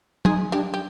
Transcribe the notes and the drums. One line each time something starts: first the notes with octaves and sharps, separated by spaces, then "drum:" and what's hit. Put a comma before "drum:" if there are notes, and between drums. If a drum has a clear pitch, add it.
G#3 D#4 G#4, drum: tom F#3
G3 D4 G4
G4